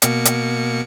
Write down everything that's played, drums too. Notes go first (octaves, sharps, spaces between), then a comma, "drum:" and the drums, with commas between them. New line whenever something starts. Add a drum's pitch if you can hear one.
B2 A#3 C#7, drum: hi-hat
drum: hi-hat